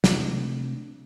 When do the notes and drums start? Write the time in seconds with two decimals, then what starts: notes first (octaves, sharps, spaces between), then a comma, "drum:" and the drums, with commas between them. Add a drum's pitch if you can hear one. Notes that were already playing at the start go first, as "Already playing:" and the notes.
0.04 C3 A3 C4 D4, drum: snare